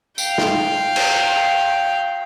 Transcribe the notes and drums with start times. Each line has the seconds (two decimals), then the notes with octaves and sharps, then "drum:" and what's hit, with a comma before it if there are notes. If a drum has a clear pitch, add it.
0.18 F5 G5, drum: tambourine
0.38 drum: snare
0.96 drum: cymbal